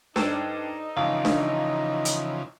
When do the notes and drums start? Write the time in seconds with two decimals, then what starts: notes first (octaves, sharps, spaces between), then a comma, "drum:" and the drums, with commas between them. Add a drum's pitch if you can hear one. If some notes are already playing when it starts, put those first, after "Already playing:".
0.16 G2 D#4 A4 C5 D5, drum: snare D4
0.97 G#1 C#3 E3 F3 F5
1.25 drum: snare D4
2.05 drum: hi-hat